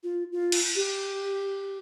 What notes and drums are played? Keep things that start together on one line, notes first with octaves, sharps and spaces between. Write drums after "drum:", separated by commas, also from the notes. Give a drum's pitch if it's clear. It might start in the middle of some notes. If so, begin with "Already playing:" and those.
F4
F4
drum: cymbal
G4